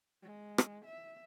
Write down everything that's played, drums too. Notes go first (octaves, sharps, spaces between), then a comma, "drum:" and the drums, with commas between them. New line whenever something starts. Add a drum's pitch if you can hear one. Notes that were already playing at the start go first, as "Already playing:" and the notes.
G#3
drum: rim click
E5